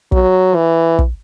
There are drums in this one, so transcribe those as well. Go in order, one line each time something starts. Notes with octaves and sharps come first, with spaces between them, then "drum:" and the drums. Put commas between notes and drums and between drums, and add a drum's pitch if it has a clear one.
F#3, drum: kick
E3
drum: kick